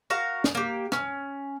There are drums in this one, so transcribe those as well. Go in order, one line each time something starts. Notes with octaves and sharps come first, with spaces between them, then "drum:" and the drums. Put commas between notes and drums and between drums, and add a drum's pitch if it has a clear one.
F#4 A#4 F5 A#5
drum: snare
A#3 G4
C#4, drum: rim click